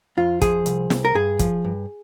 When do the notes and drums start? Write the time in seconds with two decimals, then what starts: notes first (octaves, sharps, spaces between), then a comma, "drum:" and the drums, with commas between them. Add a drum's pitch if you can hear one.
0.17 F2 F4
0.41 F3 G#4, drum: kick, hi-hat
0.66 C2, drum: hi-hat
0.90 C2, drum: snare
1.05 A#4
1.14 G2 G#4
1.39 F3, drum: kick, hi-hat
1.64 G2